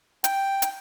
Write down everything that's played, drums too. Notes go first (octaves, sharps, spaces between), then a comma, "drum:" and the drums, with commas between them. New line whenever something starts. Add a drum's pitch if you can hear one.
G5, drum: hi-hat
drum: hi-hat